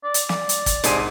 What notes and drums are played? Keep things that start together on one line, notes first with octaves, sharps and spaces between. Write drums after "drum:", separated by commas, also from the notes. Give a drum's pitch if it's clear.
D5
drum: hi-hat
D5, drum: snare
drum: hi-hat
drum: kick, hi-hat
G#2 C3 D4 G#4 C6 D#7, drum: hi-hat